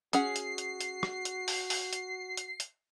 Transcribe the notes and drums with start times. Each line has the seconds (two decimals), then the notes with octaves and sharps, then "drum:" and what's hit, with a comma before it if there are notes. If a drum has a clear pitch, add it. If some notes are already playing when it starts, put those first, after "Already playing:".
0.13 C#4 F#4 G#4 F#5 C7, drum: hi-hat
0.36 drum: hi-hat
0.58 drum: hi-hat
0.81 drum: hi-hat
1.03 drum: rim click
1.25 drum: hi-hat
1.48 drum: open hi-hat
1.70 drum: open hi-hat
1.93 drum: hi-hat
2.37 drum: hi-hat
2.60 drum: hi-hat